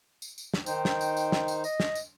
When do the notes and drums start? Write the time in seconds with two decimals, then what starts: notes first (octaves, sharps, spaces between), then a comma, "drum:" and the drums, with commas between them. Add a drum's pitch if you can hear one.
0.22 drum: tambourine
0.38 drum: tambourine
0.54 drum: snare
0.66 D#3 D#4 C5 G5, drum: tambourine
0.85 drum: snare
1.01 drum: tambourine
1.17 drum: tambourine
1.32 drum: snare
1.48 drum: tambourine
1.64 D#5, drum: tambourine
1.80 drum: snare
1.95 drum: tambourine